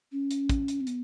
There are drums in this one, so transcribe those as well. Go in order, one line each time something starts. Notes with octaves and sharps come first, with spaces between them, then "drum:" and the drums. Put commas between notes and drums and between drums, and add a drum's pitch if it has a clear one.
C#4
drum: hi-hat
drum: kick, hi-hat
drum: hi-hat
C4
B3, drum: hi-hat